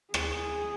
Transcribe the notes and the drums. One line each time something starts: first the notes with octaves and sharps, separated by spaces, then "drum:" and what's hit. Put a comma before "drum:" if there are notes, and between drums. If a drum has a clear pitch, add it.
G#4, drum: rim click